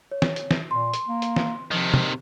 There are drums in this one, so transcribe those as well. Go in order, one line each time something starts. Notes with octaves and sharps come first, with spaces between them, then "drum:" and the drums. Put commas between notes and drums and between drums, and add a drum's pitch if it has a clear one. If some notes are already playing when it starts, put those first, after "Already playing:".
C#5
drum: snare
drum: hi-hat
drum: snare
A#2 C6
drum: hi-hat
A#3
drum: hi-hat
drum: snare
C3 D#3 F3
drum: tom